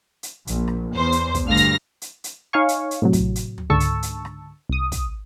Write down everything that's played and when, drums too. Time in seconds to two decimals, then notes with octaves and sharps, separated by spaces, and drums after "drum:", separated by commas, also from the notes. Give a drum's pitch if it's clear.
0.23 drum: hi-hat
0.47 A#1, drum: hi-hat
0.68 drum: rim click
0.93 E2 C5
1.12 drum: hi-hat
1.35 drum: kick, hi-hat
1.46 D2 G2 F5 F6 A#6
1.57 drum: hi-hat
2.02 drum: hi-hat
2.24 drum: hi-hat
2.53 D#4 C#5 F5 G#5 C#6
2.69 drum: hi-hat
2.91 drum: hi-hat
3.02 A2 C3 F#3
3.13 drum: kick, hi-hat
3.36 drum: hi-hat
3.58 drum: tom
3.70 C#2 G#2 D3 A5 C#6 E6
3.80 drum: hi-hat
4.02 drum: hi-hat
4.25 drum: rim click
4.69 C2 D#6
4.92 drum: kick, hi-hat